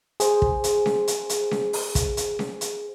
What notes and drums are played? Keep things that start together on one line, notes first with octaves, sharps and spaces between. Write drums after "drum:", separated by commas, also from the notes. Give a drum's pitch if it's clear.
G#4 C5, drum: hi-hat
drum: kick
drum: hi-hat
drum: snare C#4
drum: hi-hat
drum: hi-hat
drum: snare C#4
drum: open hi-hat
drum: kick, hi-hat
drum: hi-hat
drum: snare C#4
drum: hi-hat